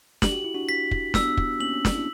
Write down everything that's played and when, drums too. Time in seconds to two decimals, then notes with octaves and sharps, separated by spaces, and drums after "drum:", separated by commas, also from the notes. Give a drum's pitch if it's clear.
0.22 G4 F#7, drum: snare
0.33 F#4
0.44 E4
0.55 D4 F#4
0.69 B6
0.91 drum: kick
1.14 B3 D4 E6, drum: snare
1.37 drum: kick
1.60 A#3 C#4 F#7
1.73 C#4
1.85 D4, drum: snare
1.96 E4